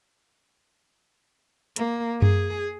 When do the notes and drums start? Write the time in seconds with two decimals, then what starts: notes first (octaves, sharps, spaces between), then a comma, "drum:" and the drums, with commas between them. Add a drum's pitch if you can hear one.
1.76 A#3, drum: hi-hat
2.22 G#4, drum: tom F#2